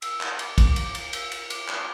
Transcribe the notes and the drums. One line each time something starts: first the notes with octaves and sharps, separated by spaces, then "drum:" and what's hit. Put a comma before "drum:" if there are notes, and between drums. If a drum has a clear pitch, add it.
E6, drum: cymbal
drum: clap
D6, drum: cymbal
drum: kick, cymbal
drum: cymbal
drum: cymbal
E6, drum: cymbal
drum: cymbal
D6, drum: cymbal
drum: clap